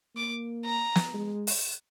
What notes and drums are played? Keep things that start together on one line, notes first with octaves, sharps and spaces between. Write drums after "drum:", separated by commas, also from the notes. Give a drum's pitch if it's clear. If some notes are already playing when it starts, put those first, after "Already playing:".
A#3 D6
A#5
drum: snare
G#3
drum: open hi-hat